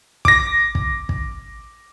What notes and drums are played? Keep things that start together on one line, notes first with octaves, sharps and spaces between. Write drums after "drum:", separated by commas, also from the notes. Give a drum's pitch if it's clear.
D6 A#6, drum: kick
drum: kick
drum: kick